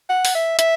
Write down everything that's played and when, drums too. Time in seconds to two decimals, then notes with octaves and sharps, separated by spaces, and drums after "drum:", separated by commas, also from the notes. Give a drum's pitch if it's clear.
0.10 F#5
0.25 drum: open hi-hat
0.35 E5
0.59 E5, drum: hi-hat